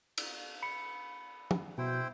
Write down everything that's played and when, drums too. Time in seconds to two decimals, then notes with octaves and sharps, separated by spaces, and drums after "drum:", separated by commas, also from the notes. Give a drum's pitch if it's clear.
0.18 drum: cymbal
0.63 B5 C#7
1.51 drum: tom
1.78 B2 E4 C5 G5